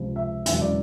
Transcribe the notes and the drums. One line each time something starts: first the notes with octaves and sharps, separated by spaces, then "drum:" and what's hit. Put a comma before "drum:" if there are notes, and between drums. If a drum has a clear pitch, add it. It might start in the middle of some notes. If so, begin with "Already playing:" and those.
Already playing: C#2 C3 F3
E5
E1 E2 C#3 F#3 E5, drum: hi-hat
D5